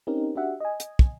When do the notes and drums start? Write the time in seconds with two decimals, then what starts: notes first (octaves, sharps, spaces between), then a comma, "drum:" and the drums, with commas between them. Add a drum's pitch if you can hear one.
0.07 C4 C#4 D#4 G4 A#4
0.36 D4 F#4 G4 E5 F#5
0.61 D#5 G#5
0.80 drum: hi-hat
0.99 drum: kick